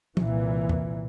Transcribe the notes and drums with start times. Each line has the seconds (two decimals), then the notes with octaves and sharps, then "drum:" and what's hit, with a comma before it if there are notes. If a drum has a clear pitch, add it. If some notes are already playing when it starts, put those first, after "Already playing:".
0.17 C2 A#2 E3, drum: tom
0.69 drum: tom E2